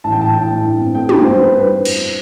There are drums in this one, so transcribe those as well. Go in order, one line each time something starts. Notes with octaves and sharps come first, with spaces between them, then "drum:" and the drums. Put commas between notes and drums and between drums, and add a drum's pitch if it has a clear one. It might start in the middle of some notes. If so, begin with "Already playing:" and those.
A1 A5
G5
A2 A5
A2 G5
A2
G2
C4
A3 G5
G2, drum: tom
G3 C5
G2 B4
G3 B4
drum: cymbal